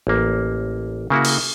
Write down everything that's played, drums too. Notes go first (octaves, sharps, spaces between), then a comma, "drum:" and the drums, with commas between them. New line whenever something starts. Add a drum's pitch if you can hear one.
A1 A#3
C#3 A#3 E4 F#4
drum: open hi-hat